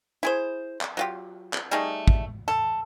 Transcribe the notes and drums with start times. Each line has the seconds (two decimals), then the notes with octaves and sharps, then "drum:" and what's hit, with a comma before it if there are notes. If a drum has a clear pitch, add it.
0.23 E4 G#4 C5
0.81 drum: clap
0.97 F#3 F4 G4
1.53 drum: clap
1.71 G3 A3 D#4 G#4
2.08 drum: kick
2.48 A4